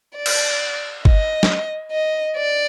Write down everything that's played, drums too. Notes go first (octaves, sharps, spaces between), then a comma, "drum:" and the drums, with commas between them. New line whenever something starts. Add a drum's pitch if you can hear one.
D5
drum: cymbal
D#5, drum: kick G1
drum: snare
D#5
D5